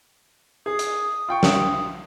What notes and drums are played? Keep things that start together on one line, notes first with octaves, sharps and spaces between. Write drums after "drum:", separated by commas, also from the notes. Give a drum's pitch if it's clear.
G#4 D#6
drum: hi-hat
F4 G5 C#6
D#6, drum: snare